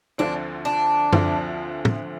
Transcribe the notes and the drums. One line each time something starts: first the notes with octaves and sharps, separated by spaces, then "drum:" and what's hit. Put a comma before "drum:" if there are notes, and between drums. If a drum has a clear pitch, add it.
D2 D3 F3 C4 D4
D4
D2 D3 F3 C4, drum: tom F#2
drum: tom